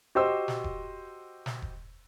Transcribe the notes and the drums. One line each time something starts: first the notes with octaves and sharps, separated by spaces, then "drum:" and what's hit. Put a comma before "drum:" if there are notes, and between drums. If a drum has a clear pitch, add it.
F#4 G4 C5 D#5 C6 E6
drum: snare
drum: kick E1
drum: snare
drum: kick E1